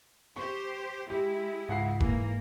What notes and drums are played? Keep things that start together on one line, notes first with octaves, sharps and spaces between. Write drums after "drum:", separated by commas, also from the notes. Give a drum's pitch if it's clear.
G4 C5 C#6
G#3 E4 G4
C#2 G#2 F#5 C7
E3 A#3, drum: kick F1